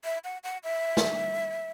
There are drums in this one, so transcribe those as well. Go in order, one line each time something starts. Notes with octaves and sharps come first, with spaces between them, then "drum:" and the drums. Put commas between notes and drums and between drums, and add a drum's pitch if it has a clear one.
E5
F#5
F#5
E5
drum: snare